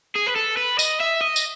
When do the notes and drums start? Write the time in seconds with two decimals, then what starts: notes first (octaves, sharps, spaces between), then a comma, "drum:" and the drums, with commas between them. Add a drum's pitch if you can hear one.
0.16 G#4
0.27 B4
0.36 A4
0.57 B4
0.79 D#5, drum: tambourine
1.01 E5
1.21 D#5
1.36 drum: tambourine